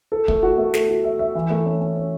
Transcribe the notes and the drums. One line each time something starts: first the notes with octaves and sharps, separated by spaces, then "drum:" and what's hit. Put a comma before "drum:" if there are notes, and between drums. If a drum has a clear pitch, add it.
A4
A3, drum: kick
F#4
A3
A4, drum: snare
F#4
E5
E5
E3
A3
C#4
C#4
C#4